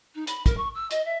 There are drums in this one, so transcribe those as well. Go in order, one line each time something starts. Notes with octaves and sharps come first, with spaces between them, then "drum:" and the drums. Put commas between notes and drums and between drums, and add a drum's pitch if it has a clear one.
D#4
B5, drum: hi-hat
A#4, drum: kick, hi-hat
C#6
E6
D#5, drum: hi-hat
E5